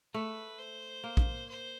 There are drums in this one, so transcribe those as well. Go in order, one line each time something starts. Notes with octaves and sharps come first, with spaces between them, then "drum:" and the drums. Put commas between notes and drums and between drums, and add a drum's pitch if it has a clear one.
A3 B4
C5
A#3
drum: kick
C5